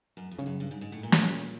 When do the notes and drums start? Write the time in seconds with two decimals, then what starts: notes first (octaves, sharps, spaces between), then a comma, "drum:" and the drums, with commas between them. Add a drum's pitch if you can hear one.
0.17 F#2
0.31 F2
0.39 G2 C#3
0.46 F#2
0.60 G2
0.71 G#2
0.81 G#2
0.92 A2
1.03 A#2
1.12 drum: snare